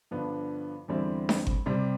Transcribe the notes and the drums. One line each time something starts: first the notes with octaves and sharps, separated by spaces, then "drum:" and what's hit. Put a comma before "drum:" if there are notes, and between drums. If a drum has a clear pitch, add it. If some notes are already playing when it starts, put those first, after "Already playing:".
G2 D3 F3 B3 D4
E2 D3 G3 C4 E4
drum: snare D4
drum: kick G1
C3 G3 C4